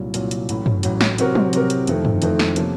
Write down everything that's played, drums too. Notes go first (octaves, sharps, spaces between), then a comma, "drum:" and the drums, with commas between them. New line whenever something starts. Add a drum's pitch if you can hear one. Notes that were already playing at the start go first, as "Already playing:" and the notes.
Already playing: C2 A#2 F#3
C2 A#2 F#3, drum: hi-hat
drum: hi-hat
A1 A2 F#3, drum: hi-hat
drum: tom
A1 A2 F#3, drum: hi-hat
drum: snare
C3 F#3 C4 F#4 A#4, drum: hi-hat
drum: tom
C3 F#3 C4 F#4 A#4, drum: hi-hat
drum: hi-hat
F2 D#3 A3 C4, drum: hi-hat
drum: tom
F2 D#3 A3 C4, drum: hi-hat
drum: snare
C3 F3 A#3 C#4, drum: hi-hat